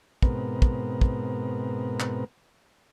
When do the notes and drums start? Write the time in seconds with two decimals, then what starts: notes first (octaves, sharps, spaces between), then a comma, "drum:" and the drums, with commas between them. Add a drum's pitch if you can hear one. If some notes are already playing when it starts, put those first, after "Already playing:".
0.23 G#2 B2 B3 C4 A#4, drum: kick
0.62 drum: kick
1.01 drum: kick
2.00 drum: clap